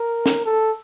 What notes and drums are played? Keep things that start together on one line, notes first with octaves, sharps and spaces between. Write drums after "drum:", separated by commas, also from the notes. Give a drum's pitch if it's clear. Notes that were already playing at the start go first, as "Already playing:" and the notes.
Already playing: A#4
drum: snare
A4